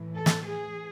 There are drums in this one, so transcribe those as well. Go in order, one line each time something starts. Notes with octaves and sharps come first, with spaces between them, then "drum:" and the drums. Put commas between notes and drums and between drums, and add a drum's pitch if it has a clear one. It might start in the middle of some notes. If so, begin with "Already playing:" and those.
Already playing: A2 E3
A4
drum: snare
G#4